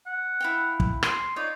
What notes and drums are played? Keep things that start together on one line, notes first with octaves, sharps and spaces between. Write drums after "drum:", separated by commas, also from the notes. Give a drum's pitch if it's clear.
F#5
E4 F5 G5
drum: kick
C6, drum: rim click
D#4 F4 C#5 D5